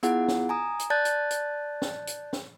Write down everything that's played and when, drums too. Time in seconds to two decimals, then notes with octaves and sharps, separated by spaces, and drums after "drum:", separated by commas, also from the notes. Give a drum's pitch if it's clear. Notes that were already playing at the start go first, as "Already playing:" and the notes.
0.03 B3 E4 F4 G#4 F#5, drum: hi-hat
0.28 drum: snare
0.49 G#5 A#5 D#6
0.79 drum: hi-hat
0.90 D5 A5 F#6 G6 A6
1.05 drum: hi-hat
1.31 drum: hi-hat
1.82 drum: snare
2.07 drum: hi-hat
2.33 drum: snare